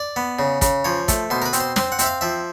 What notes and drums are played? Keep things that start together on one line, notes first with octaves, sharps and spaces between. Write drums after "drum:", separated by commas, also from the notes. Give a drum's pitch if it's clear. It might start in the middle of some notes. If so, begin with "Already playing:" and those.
Already playing: D5
B3
C#3
C#3, drum: kick, hi-hat
F3 C#5
A3, drum: kick, hi-hat
B2 C5
A#4
B4
C4, drum: hi-hat
C5
C4 C5, drum: snare
F#5
C4 E5, drum: hi-hat
F5
F3 E5